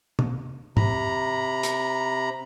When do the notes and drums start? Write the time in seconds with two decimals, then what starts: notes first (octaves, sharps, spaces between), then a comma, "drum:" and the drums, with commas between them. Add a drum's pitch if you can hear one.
0.19 drum: tom
0.77 C3 A#5 B5, drum: tom
1.63 drum: hi-hat